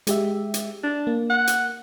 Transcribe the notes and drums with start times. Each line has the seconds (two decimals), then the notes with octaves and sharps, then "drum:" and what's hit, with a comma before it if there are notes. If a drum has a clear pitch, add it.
0.07 G#3 G4 E5, drum: hi-hat
0.54 drum: hi-hat
0.83 D4
1.07 A#3
1.30 F#5
1.47 drum: hi-hat